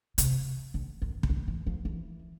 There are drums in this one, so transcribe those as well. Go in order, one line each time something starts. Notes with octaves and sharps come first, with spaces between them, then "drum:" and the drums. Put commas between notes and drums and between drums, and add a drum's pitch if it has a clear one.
C3, drum: hi-hat
D3
D#3
C#3, drum: kick
D3
E3
F3
E3